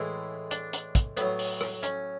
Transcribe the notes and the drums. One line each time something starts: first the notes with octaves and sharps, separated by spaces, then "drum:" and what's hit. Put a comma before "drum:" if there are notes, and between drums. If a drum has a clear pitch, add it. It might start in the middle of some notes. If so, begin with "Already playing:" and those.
Already playing: A2 E3 G#3 E4
D4, drum: hi-hat
drum: hi-hat
drum: kick, hi-hat
A2 F#3 B3, drum: hi-hat
drum: open hi-hat
drum: rim click
C#4, drum: hi-hat